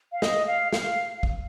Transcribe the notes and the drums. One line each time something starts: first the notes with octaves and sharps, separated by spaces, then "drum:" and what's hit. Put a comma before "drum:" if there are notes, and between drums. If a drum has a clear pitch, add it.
F5
D#5, drum: snare
F5
F5, drum: snare
drum: kick